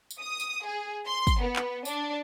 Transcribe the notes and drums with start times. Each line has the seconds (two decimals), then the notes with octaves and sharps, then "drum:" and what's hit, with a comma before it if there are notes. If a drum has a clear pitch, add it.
0.11 drum: tambourine
0.20 D#6
0.40 drum: tambourine
0.65 G#4
1.06 C6
1.27 drum: kick, tambourine
1.42 B3
1.56 drum: clap
1.85 D4, drum: tambourine